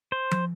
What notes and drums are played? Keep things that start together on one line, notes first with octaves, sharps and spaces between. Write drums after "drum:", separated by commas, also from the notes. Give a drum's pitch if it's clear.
C5
drum: tom F3